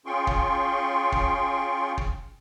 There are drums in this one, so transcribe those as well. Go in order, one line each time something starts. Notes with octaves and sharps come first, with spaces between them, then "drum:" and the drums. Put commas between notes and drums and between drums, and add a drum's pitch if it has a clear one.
C#4 F4 G#4 G5 C6 C#6
drum: kick
drum: kick
drum: kick